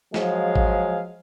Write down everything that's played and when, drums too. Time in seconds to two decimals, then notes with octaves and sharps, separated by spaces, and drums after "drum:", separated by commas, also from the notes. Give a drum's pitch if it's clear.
0.14 F3 F#3 G#3 G#4 F5, drum: snare
0.56 drum: kick G#1